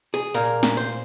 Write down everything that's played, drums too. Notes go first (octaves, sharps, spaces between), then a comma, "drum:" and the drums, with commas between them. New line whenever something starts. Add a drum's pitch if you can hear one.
G#4
A#2 A#3 A#4, drum: hi-hat
drum: snare
C5